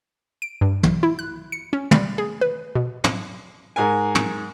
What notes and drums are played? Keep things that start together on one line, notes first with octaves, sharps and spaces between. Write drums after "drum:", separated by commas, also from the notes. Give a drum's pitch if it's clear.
D7
G2
B1, drum: tom
E4
F#6
C#7
C#4
G3, drum: tom
G#4
B4
B2
drum: tom
G#2 A#4 G#5
drum: tom